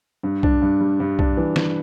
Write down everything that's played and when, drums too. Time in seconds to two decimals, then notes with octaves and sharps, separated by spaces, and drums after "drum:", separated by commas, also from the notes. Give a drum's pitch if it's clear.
0.23 G2
0.43 D4, drum: kick B1
0.62 G2
0.80 G3
1.00 G2
1.19 D4, drum: kick B1
1.37 E3
1.56 E3, drum: snare